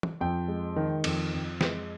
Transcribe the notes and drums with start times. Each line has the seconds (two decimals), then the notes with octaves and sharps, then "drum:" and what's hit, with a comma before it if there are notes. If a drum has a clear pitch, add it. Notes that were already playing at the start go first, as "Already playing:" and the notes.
0.03 drum: tom
0.21 F2 G5
0.48 G#3
0.76 D#3
1.04 F2, drum: cymbal
1.33 F2
1.61 G#3, drum: snare